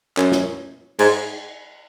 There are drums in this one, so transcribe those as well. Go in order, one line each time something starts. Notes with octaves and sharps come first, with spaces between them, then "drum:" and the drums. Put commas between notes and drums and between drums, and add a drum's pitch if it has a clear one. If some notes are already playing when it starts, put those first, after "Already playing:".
F#2, drum: clap
drum: snare
G#2, drum: cymbal